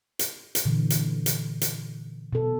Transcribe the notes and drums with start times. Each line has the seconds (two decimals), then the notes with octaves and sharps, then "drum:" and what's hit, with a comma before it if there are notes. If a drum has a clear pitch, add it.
0.19 drum: hi-hat
0.55 drum: hi-hat
0.65 A#2 D3 E3
0.90 drum: hi-hat
1.26 drum: hi-hat
1.61 drum: hi-hat
2.33 B2 A4